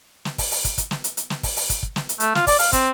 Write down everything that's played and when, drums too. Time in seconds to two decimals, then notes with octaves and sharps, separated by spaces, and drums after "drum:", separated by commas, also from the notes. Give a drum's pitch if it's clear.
0.25 drum: snare
0.38 drum: kick, open hi-hat
0.51 drum: open hi-hat
0.65 drum: kick, hi-hat
0.78 drum: kick, hi-hat
0.91 drum: snare
1.04 drum: hi-hat
1.17 drum: hi-hat
1.30 drum: snare
1.43 drum: kick, open hi-hat
1.56 drum: open hi-hat
1.70 drum: kick, hi-hat
1.83 drum: kick
1.96 drum: snare
2.09 drum: hi-hat
2.20 A3, drum: hi-hat
2.35 F4, drum: snare
2.47 D5, drum: kick, open hi-hat
2.59 F5, drum: open hi-hat
2.73 C4, drum: kick, hi-hat